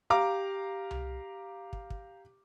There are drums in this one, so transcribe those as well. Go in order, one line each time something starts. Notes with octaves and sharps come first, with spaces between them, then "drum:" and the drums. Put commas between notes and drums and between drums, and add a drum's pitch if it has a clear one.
G4 F5 A#5 D6
drum: tom C2
drum: kick
drum: kick